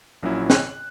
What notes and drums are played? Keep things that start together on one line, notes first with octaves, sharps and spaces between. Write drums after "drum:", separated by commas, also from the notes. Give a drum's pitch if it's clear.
A#1 A#2 F#3 C#4 E4
F#6, drum: snare